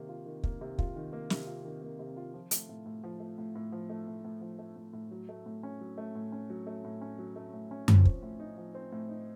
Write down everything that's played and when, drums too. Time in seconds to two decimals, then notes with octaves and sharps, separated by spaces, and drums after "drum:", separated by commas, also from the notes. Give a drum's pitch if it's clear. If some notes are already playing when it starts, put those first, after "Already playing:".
Already playing: C3 D#3 A#3
0.09 F4
0.26 D#3
0.43 A#3, drum: kick
0.61 C3
0.79 F4, drum: kick
0.96 D#3
1.13 A#3
1.30 C3, drum: snare
1.47 F4
1.65 D#3
1.82 A#3
1.99 C3
2.17 F4
2.34 F3
2.51 A3, drum: hi-hat
2.69 A2
2.86 A2
3.04 F3
3.20 A3
3.38 A2
3.55 A2
3.72 F3
3.90 A3
4.08 A2
4.24 A2
4.41 F3
4.59 A3
4.76 A2
4.93 A2
5.11 F#3
5.29 A3
5.46 A2
5.63 C#4
5.80 F#3
5.98 A3
6.15 A2
6.32 C#4
6.50 F#3
6.67 A3
6.84 A2
7.01 C#4
7.18 F#3
7.36 A3
7.53 A2
7.71 C#4
7.88 F3, drum: tom F#2
8.05 C4, drum: kick
8.22 A2
8.40 D#4
8.57 F3
8.75 C4
8.92 A2
9.09 D#4